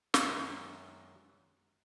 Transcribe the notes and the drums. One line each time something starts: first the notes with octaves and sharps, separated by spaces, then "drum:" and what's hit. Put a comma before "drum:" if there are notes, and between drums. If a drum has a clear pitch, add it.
F#2 D#3 G#3 B3 D4, drum: snare